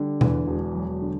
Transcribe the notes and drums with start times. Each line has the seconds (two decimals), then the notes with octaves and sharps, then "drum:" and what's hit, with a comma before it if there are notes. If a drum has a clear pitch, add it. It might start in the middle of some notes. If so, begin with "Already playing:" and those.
Already playing: D3 G3
0.21 E2, drum: tom B2
0.48 E1
0.75 F#3
1.02 D3